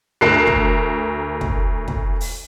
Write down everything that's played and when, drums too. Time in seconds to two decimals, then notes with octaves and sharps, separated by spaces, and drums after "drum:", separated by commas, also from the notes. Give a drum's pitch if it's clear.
0.21 D2 A#4 A5 F#6 C7
0.47 drum: kick
1.41 drum: kick
1.88 drum: kick
2.21 drum: open hi-hat